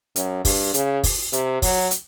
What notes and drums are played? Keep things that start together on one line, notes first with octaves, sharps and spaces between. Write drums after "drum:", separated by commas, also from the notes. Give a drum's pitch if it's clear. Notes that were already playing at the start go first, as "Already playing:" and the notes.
F#2, drum: hi-hat
G2, drum: kick, open hi-hat
C#3, drum: hi-hat
drum: kick, open hi-hat
C3, drum: hi-hat
F#3, drum: kick, open hi-hat
drum: hi-hat